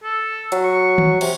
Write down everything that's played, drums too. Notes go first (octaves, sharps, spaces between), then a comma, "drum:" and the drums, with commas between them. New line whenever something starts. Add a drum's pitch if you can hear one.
A4
F#3, drum: hi-hat
C#6
drum: tom D#3
C3, drum: cymbal